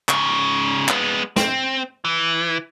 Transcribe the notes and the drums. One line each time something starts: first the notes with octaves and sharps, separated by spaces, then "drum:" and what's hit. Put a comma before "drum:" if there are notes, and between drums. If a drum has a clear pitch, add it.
G#2 C#3, drum: clap
G#3 B3, drum: clap
C4, drum: snare
E3